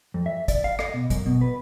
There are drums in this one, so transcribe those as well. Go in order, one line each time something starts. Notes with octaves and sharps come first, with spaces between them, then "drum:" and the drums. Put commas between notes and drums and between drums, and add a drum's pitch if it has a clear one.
F2
E5
D5, drum: kick, hi-hat
F5
D#5, drum: rim click
B2
F#2, drum: kick, hi-hat
B2
B4